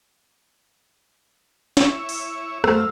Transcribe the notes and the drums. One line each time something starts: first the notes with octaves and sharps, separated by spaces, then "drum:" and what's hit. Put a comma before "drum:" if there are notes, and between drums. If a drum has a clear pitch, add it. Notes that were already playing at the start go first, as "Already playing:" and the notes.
E4 C#5, drum: snare
drum: open hi-hat
F#2 A3 C5 F5 E6, drum: rim click